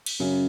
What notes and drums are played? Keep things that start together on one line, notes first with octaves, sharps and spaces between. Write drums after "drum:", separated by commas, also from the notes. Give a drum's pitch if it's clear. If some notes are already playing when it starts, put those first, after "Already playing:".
drum: cymbal
F#2 C#3